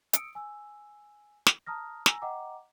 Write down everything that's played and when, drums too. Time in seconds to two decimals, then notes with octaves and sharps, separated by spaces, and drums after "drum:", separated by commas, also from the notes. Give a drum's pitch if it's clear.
0.13 D#6 E6 C#7 D7, drum: hi-hat
0.35 G#5 E6
1.47 drum: snare
1.67 A5 A#5 D#6 F6 A#6
2.06 G#5 A#5 E6 A#6, drum: snare
2.22 D#5 F#5 G5 A#5 D6